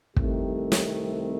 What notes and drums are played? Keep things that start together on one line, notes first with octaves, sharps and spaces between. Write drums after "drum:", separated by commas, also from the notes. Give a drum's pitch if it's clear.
C2 C3 D#3 A3 C4 G4, drum: kick
drum: snare